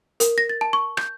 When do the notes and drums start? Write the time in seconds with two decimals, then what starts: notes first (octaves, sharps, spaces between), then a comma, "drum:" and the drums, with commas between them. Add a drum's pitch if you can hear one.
0.20 A#4, drum: hi-hat
0.38 A#6
0.50 A6
0.61 A5
0.73 C#6
0.97 G6, drum: rim click